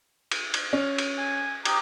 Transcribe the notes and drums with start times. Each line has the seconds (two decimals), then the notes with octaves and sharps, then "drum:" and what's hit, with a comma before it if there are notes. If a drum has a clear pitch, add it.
0.32 drum: cymbal
0.54 drum: cymbal
0.73 C#4
0.98 drum: cymbal
1.18 G#5
1.65 G4 A#5 D6 D#6, drum: cymbal